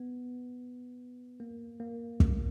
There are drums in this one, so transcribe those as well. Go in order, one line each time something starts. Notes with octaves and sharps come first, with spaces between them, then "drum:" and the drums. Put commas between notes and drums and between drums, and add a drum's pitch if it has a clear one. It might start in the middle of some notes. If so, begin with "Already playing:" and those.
Already playing: B3
A#3
A#3
drum: kick